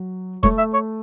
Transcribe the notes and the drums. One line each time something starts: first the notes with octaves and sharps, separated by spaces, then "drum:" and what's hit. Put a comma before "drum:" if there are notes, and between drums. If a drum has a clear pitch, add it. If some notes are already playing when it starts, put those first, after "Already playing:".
Already playing: F#3
A3 C#5, drum: kick E1
E5
C#5